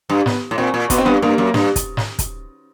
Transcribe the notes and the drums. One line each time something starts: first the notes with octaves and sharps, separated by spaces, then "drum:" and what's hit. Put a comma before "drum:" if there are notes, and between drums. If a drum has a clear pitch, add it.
G2
B3, drum: snare
A2
A#2 C4
A#2
B2 B3, drum: kick, hi-hat
C4
G2 B3
G2 A#3
F#2
G2, drum: snare
drum: kick, hi-hat
drum: snare
drum: kick, hi-hat